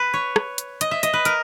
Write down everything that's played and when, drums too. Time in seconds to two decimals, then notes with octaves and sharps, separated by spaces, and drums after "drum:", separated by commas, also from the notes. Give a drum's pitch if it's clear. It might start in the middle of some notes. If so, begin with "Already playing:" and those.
Already playing: B4
0.14 C#5
0.36 drum: rim click
0.58 drum: hi-hat
0.81 D#5, drum: hi-hat
0.91 E5
1.03 D#5, drum: hi-hat
1.13 B4
1.25 A#4, drum: hi-hat